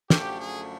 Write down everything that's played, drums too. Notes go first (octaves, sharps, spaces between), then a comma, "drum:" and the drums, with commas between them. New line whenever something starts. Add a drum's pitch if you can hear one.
F#2 D3 F3 A3 G4, drum: snare
G#4